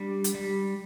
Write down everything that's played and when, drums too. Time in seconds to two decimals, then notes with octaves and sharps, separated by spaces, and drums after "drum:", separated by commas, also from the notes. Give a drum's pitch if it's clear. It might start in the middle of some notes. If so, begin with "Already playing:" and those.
Already playing: G3 D4
0.24 drum: hi-hat
0.35 G3